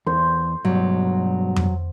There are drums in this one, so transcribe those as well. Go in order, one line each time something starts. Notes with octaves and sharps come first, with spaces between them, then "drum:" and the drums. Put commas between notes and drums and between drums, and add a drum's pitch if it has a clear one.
E2 C5
G2 B2 F#3
drum: tom F2